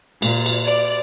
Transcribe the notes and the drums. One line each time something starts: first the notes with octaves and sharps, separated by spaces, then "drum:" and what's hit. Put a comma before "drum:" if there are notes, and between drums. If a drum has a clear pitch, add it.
A#2, drum: cymbal
drum: cymbal
D5